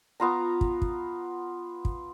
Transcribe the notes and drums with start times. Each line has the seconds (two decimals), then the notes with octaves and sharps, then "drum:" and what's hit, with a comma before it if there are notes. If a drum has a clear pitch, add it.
0.20 B3 F4 A#5
0.61 drum: kick
0.82 drum: kick
1.85 drum: kick